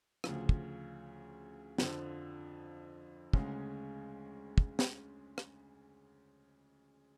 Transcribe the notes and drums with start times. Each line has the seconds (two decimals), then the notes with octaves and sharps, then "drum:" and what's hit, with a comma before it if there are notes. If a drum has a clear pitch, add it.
0.24 D2 C#3 F3, drum: rim click
0.49 drum: kick
1.78 F2 D3 F3, drum: snare
3.33 D2 C#3 G#3 C#4, drum: kick
4.58 drum: kick
4.79 drum: snare
5.38 drum: rim click